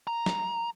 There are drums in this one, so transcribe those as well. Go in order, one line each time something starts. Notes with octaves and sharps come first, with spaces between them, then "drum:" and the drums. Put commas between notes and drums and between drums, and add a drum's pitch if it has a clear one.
A#5
drum: snare